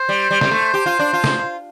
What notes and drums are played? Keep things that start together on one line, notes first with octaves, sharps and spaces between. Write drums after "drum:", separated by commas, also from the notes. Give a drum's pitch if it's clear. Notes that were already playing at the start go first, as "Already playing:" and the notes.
Already playing: C5
G3
G3
G3, drum: snare
A3
G4
F4
D4
F4
drum: snare